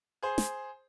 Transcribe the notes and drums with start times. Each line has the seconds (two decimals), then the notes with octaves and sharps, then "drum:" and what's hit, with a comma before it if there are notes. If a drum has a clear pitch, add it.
0.23 G#4 C5
0.38 drum: snare